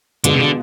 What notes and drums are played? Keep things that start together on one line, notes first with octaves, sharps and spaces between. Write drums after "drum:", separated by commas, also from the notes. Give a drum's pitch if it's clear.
B2 D3 G#3 B3 F4 G#4, drum: hi-hat
C3
D3